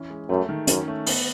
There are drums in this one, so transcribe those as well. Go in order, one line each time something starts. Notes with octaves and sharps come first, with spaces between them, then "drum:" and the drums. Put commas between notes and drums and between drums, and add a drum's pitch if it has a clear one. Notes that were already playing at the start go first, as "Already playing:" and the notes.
Already playing: E3 C#4
G#3
F#2 A3
D#3
F#2 C#4, drum: hi-hat
A3
B3, drum: open hi-hat